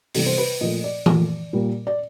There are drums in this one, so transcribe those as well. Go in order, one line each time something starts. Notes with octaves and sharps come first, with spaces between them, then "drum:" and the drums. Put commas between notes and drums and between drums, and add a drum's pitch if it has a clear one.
C3 E3 G3 B3 A4, drum: open hi-hat
C5
B4
A#2 F3 A3 D#5
D5
A#2 F3 A3, drum: tom E3
A#2 G3 A#3
D5